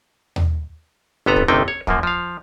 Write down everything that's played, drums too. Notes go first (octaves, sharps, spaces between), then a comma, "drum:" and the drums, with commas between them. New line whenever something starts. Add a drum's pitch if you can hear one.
drum: tom D#2
G1 C3 B3 A4 B4 A#5
drum: kick
G1 C3 A3 A#3 D#4 G5
C#5
F#2 F3 A#3, drum: kick
F3 F5